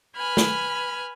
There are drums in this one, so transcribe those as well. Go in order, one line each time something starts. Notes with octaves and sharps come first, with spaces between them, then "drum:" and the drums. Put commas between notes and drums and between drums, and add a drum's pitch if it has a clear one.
B4 G#5 B5 F6
drum: snare